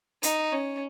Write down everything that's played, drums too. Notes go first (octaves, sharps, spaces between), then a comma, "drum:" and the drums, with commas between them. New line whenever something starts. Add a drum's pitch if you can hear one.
D#4, drum: hi-hat
C#4